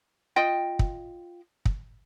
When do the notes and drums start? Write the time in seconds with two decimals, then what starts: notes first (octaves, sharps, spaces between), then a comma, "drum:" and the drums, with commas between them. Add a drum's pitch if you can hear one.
0.36 F4 D#5 G5
0.79 drum: kick
1.65 drum: kick